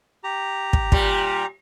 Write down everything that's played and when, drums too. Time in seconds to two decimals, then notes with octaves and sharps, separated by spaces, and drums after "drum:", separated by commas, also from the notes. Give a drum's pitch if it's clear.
0.24 G4 A#5
0.73 drum: kick
0.92 A#2 G3, drum: kick